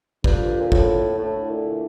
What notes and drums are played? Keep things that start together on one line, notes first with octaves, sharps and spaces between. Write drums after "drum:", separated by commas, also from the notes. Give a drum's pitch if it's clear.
G2 D3 F3 A#3 F4, drum: kick
A#2
A2, drum: kick
D2 A2 D3 A3 E4
A#2